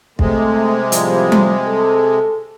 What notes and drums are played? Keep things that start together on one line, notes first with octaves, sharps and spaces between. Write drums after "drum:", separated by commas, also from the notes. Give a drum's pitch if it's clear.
C3 G#3 A3, drum: kick
A2 F3 G3, drum: hi-hat
drum: tom G3
A4